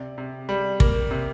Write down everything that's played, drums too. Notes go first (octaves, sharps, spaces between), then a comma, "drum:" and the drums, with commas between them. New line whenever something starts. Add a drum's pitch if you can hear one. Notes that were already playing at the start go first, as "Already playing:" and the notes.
Already playing: C3 D5
C3
G3
A#3, drum: kick
C3